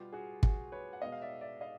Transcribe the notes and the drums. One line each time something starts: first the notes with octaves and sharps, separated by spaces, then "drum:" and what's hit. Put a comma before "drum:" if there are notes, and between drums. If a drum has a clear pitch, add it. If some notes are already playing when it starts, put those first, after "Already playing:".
Already playing: B2 G3 B3 F4 G4
F#4 G#4
F#4 G#4, drum: kick
B4 C#5
F#5
B2 G#3 B3 D#5 F5
F5
D5 E5
D5 E5
D#5 F5